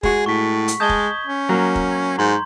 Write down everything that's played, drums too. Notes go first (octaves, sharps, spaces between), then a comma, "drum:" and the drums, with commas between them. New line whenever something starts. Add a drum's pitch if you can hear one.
G#3 F#4 G#4, drum: kick
A2 C#6 B6
drum: hi-hat
G#3 D#5 A5 D#6 G6 G#6 G7
drum: kick
C#4
F#3 A#3
drum: kick
G#2 A#5 C6 G6